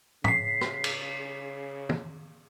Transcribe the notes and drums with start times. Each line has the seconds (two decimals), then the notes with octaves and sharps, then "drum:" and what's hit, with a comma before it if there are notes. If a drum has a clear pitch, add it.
0.24 C#3 B6 C7, drum: tom
0.61 drum: rim click
0.84 drum: cymbal
1.89 drum: tom